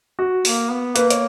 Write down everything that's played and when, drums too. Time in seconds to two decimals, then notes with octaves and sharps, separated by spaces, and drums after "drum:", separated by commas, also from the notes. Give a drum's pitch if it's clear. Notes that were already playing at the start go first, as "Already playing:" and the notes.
0.19 F#4
0.45 A#3, drum: open hi-hat
0.70 B3
0.96 A#3 B4, drum: hi-hat
1.10 C#5, drum: hi-hat